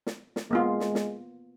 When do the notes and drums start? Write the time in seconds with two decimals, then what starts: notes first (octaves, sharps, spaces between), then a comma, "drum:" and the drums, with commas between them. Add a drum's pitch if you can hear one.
0.06 drum: snare
0.36 drum: snare
0.51 G#3 A#3 B3 F4
0.80 drum: snare
0.95 drum: snare